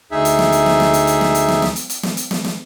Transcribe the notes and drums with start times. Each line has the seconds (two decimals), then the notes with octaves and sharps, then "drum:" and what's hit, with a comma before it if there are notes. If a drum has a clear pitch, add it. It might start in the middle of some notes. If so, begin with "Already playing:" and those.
0.11 D2 D#4 G#4 E5
0.25 drum: hi-hat
0.39 drum: snare
0.52 drum: hi-hat
0.66 drum: snare
0.80 drum: snare
0.94 drum: hi-hat
1.07 drum: hi-hat
1.21 drum: snare
1.35 drum: hi-hat
1.48 drum: snare
1.62 drum: snare
1.76 drum: hi-hat
1.90 drum: hi-hat
2.03 drum: snare
2.17 drum: hi-hat
2.31 drum: snare
2.44 drum: snare